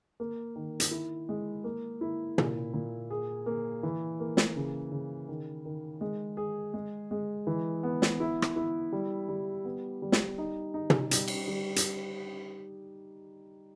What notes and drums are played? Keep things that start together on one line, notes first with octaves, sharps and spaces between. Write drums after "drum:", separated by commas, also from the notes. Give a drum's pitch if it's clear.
A#3
D#3
drum: hi-hat
E4
G#3
A#3
E4
A#2, drum: tom
A#2
G#4
A#3
E3
A#3
drum: snare
C#3
C#3
D#3
D#3
G#3
G#4
G#3
G#3
E3
B3
drum: snare
E4
drum: rim click
E4
G3
G3
B3
G3
drum: snare
D#4
D#4
drum: tom
G3, drum: hi-hat
drum: cymbal
G3
drum: hi-hat